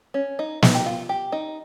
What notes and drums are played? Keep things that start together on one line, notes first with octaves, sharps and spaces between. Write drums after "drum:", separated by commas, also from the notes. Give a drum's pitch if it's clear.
C#4
D#4
D#4, drum: snare
G4
F4
G4
D#4